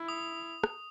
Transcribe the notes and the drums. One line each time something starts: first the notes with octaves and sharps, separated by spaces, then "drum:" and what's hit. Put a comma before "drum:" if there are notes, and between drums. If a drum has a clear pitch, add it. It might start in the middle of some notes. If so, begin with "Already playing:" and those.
Already playing: E4
D#6
drum: rim click